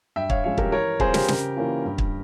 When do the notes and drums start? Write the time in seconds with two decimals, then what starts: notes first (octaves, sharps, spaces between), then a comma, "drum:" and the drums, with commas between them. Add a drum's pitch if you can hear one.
0.16 G2 E5 G5
0.30 C#5 F5, drum: kick
0.44 F3 G#3 C#4 C#5 F5
0.58 G4 A#4, drum: kick
0.72 E3 A#4 C#5
1.00 G3 C4 F4 G#4 C5, drum: kick
1.14 G4 A#4, drum: snare
1.28 C#3, drum: snare
1.56 E3 A#3 C#4 F4
1.85 G2
1.98 drum: kick